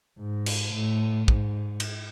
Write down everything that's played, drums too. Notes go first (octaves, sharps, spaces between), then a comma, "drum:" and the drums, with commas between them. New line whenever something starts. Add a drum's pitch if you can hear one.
G#2
drum: cymbal
A2
G#2, drum: kick
drum: cymbal